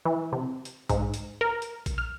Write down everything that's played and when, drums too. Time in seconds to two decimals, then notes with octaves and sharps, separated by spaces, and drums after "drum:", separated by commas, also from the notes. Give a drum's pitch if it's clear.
0.05 E3
0.33 C3
0.65 drum: hi-hat
0.89 G#2, drum: kick A#1, hi-hat
1.14 drum: hi-hat
1.41 A#4
1.62 drum: hi-hat
1.86 drum: kick A#1, hi-hat
1.98 F6